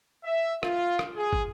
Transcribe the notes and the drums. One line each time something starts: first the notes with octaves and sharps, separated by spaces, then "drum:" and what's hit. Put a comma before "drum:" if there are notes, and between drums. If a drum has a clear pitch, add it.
E5
F4, drum: rim click
drum: rim click
G#4
drum: kick